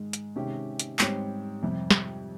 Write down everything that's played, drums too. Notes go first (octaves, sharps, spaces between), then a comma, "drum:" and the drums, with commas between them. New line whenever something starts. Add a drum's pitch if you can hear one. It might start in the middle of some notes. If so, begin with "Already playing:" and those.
Already playing: G#2 D#3 G#3
drum: hi-hat
C3 D#3 G#3 C#4 G4
drum: hi-hat
G#2 G3 C4 G4 C#5, drum: clap
F2 C3 G3
drum: snare